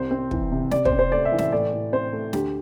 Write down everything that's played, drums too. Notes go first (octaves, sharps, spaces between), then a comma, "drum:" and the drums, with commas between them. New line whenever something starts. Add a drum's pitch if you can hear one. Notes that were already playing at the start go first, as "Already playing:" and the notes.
Already playing: C2 C3 C5
C4
E3, drum: kick
C3
C3 D5, drum: snare
C5, drum: kick
C4
C5
A3 D5
E5
E3
E5, drum: snare
A2 D5
A2
C4 C5
A3
D2 G4, drum: snare